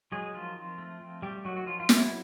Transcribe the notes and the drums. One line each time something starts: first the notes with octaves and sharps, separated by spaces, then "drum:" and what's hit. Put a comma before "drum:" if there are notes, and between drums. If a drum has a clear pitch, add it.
F#3 G#3 G#4
D#3 F3 F4
C4
A3
C4
G3 A3 G4
D#3 F#3 F#4
F#4
F3 F#3 F4
F4
F#3 E4, drum: snare